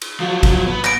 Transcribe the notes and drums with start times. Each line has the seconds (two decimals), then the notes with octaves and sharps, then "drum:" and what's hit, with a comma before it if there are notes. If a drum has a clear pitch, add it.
0.02 drum: cymbal
0.20 F3 F#3
0.43 drum: kick, cymbal
0.67 B3
0.84 A#6 D7, drum: clap